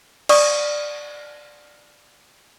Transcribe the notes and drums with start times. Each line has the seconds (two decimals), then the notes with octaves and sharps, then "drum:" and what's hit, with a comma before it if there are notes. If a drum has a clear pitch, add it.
0.29 D5 C#6 D#6, drum: cymbal